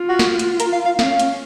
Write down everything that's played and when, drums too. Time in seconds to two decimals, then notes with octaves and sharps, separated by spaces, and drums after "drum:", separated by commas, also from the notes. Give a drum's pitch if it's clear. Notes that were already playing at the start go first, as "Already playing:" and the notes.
Already playing: F4
0.09 F#4
0.19 drum: snare
0.39 drum: hi-hat
0.60 A#4, drum: hi-hat
0.72 F5
0.86 F5
0.99 C#4 F5, drum: snare
1.19 drum: hi-hat